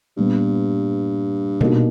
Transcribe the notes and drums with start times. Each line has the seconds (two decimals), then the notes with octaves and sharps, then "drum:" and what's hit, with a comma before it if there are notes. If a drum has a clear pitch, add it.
0.17 G2 A#2 G3 B3
1.61 B2 A#3 D#4, drum: tom A#2